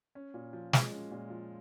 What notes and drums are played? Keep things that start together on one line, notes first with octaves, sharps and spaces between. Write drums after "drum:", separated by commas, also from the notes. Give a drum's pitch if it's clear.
C#4
A#2
F3
G#3, drum: snare
C#4
A#2
F3